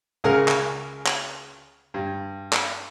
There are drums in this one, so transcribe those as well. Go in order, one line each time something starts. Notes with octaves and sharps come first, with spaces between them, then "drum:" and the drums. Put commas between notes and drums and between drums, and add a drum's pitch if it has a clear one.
C#2 C#3 G#4 A#4 F#5 F6
drum: clap
drum: clap
G2
drum: clap